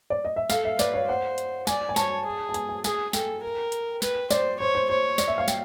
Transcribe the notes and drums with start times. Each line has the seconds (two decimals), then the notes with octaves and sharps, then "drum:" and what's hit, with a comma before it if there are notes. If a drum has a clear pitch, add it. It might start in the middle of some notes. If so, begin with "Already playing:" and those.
0.10 D5
0.25 D#5
0.36 E5
0.50 A4 F5, drum: snare
0.65 E5
0.79 B4 D5, drum: snare
0.94 C#5
1.08 C5 F#5
1.38 drum: hi-hat
1.67 D5 G#5, drum: snare
1.89 G#5
1.96 C#5 A5, drum: snare
2.26 G#4
2.49 A5
2.54 G#5, drum: hi-hat
2.69 G#5
2.84 G#4 G#5, drum: snare
3.13 A4 G5, drum: snare
3.43 A#4
3.72 drum: hi-hat
4.02 B4, drum: snare
4.31 C5 D5, drum: snare
4.59 C5 C#5
4.75 C5
4.90 C5 C#5
5.18 D5, drum: snare
5.28 E5
5.38 F5
5.48 G5, drum: snare